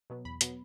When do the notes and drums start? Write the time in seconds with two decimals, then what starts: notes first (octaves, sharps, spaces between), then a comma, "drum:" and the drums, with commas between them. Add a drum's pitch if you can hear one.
0.10 B2 F#3 B3
0.25 E2 B5
0.41 B2 F#3 B3, drum: hi-hat